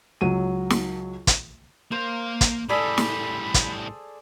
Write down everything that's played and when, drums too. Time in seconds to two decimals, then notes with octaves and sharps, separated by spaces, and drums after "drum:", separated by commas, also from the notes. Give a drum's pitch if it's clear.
0.21 C#2 F#3 D#7
0.70 drum: snare
1.27 drum: kick, hi-hat
1.92 A#3 C5 F5
2.41 drum: kick, hi-hat
2.69 A2 G3 G#4 A4 D5 B5
2.98 drum: snare
3.54 drum: kick, hi-hat